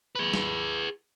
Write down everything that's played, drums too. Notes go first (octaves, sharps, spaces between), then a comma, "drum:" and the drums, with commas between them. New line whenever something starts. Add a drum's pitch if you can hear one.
G#4 B4
drum: snare